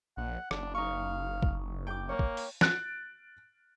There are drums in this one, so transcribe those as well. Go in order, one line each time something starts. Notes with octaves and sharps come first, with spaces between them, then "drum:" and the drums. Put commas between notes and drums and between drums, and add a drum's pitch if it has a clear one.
A#1 F#5
F#1 D4, drum: rim click
D#4 F5 C#6
drum: kick
G5 D6
A#3 C#5
drum: kick
drum: open hi-hat
F#6 A6 D7, drum: snare